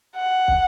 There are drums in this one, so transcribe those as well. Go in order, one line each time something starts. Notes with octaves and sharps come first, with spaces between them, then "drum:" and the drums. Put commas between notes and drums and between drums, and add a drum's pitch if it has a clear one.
F#5
drum: kick